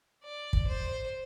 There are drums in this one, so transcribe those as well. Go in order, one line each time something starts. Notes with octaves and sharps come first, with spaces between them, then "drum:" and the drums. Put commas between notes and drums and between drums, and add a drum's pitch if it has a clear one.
D5
drum: kick
C5